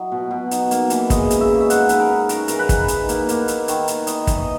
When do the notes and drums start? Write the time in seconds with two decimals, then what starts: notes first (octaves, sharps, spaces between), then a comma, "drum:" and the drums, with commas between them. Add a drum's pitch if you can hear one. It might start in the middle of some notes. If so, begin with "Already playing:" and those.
Already playing: F#3 E4 D#5
0.12 B2
0.31 B2
0.51 D#4, drum: hi-hat
0.71 A#3, drum: hi-hat
0.90 E3, drum: hi-hat
1.10 G#3 D#5, drum: kick, hi-hat
1.30 C#3, drum: hi-hat
1.41 E5
1.50 C#3
1.61 E5
1.70 D#4 F#5, drum: hi-hat
1.89 G#3 B4, drum: hi-hat
2.00 A#4
2.10 D#4
2.29 C#3 A#4, drum: hi-hat
2.48 E3 A#4, drum: hi-hat
2.59 B4
2.69 E3, drum: kick, hi-hat
2.88 D#4, drum: hi-hat
3.09 A#3, drum: hi-hat
3.29 A#3, drum: hi-hat
3.48 E4, drum: hi-hat
3.68 D#3, drum: hi-hat
3.88 D#3, drum: hi-hat
4.07 E3 D#5, drum: hi-hat
4.27 E3, drum: kick, hi-hat
4.36 D#5